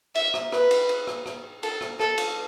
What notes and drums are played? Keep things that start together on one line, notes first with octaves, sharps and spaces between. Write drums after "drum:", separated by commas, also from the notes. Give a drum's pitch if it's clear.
E5, drum: cymbal
drum: rim click
B4, drum: rim click
drum: cymbal
drum: cymbal
drum: rim click
drum: rim click
A4, drum: cymbal
drum: rim click
A4, drum: rim click
drum: cymbal